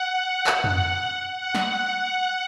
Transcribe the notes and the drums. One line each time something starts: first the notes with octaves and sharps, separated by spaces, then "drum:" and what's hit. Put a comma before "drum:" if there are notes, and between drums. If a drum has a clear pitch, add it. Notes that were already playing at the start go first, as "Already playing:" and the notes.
Already playing: F#5
F#5
F#5, drum: clap
drum: tom
F#5
drum: snare
F#5